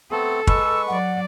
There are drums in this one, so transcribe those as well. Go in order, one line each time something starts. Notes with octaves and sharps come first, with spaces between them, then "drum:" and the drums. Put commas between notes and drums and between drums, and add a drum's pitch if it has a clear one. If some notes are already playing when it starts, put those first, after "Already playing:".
A3 B3 C4 A4
G#3 B4 C#6 E6, drum: kick
F#3 D5 F#5